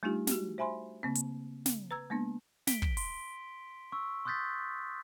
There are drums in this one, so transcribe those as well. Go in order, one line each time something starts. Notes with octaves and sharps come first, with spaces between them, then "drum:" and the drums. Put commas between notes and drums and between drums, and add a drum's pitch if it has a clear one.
G3 A3 D4 D#4 F4 G4
F#4 G4, drum: snare
C5 E5 G#5 B5 C6
C#3 A#3 C4
drum: hi-hat
drum: snare
B4 A#5 E6 G#6
G#3 A#3 B3 D4
B6 D7 G7, drum: snare
drum: kick
C6, drum: open hi-hat
C#6 E6
C6 D#6 F#6 G6 A6 B6